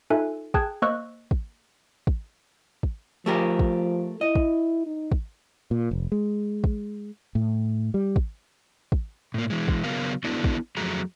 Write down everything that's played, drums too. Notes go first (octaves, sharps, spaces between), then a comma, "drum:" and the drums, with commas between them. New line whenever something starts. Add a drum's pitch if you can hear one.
D#4 F4 A4 E5 G#5 F#6
G#4 G5 A5 F#6 G#6, drum: kick
A#3 C5 D#5 C#6 E6 F#6
drum: kick
drum: kick
drum: kick
F3 A3 G4 A#4
drum: kick
E4 D#5
drum: kick
D#4
drum: kick
A#2
F1
G#3
drum: kick
A2
G3
drum: kick
drum: kick
A2 A#3
E3 G#3
drum: kick
C#3 F#3 B3 A#4 F5
B3 D4 E4 F#4 A4
drum: kick
F2 F#3 A3 G#4 A#5